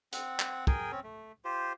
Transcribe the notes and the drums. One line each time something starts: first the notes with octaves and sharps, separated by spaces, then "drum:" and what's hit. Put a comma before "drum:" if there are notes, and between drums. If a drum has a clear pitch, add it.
C4 F#5, drum: hi-hat
drum: clap
G#4 A#4 G5 G#5, drum: kick
C4 C#4
A3
F4 G4 C5